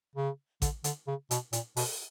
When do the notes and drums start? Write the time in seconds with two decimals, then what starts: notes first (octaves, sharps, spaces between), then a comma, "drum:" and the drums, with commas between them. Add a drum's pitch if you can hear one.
0.16 C#3
0.62 D3, drum: kick A1, hi-hat
0.84 D3, drum: hi-hat
1.07 C#3
1.31 B2, drum: hi-hat
1.53 A#2, drum: hi-hat
1.77 B2, drum: open hi-hat